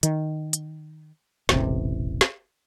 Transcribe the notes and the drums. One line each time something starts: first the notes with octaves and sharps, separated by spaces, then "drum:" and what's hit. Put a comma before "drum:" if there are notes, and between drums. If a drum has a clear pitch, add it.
D#3, drum: hi-hat
drum: hi-hat
E1 A1 C3, drum: snare
drum: snare